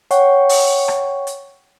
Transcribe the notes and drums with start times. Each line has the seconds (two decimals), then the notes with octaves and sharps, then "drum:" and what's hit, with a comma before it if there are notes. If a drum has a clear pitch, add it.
0.11 C#5 F#5 G5 C#6, drum: hi-hat
0.49 drum: open hi-hat
0.88 drum: rim click
1.27 drum: hi-hat